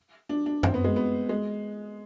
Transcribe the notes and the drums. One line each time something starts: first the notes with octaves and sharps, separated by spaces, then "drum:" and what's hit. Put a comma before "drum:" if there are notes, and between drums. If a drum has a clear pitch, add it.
D4
D4
C4, drum: tom F#2
B3
G#3
B3
G#3